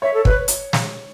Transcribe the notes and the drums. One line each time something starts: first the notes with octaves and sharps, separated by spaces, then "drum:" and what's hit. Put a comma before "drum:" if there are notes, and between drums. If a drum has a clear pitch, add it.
C#5 E5
A4
B4, drum: kick
drum: hi-hat
drum: snare